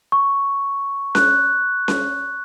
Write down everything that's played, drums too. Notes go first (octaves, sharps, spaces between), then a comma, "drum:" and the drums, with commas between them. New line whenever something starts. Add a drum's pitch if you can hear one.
C#6
F#6, drum: snare C#4
drum: snare C#4